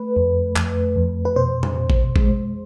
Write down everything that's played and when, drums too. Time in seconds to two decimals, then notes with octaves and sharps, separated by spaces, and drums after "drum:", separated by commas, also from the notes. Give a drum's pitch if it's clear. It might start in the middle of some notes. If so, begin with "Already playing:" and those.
Already playing: A3 B4
0.16 F2
0.56 F2, drum: clap
0.96 F2
1.25 B4
1.36 B2 C5
1.63 drum: tom A#2
1.76 B2
1.90 drum: kick A1
2.16 G#3, drum: kick A1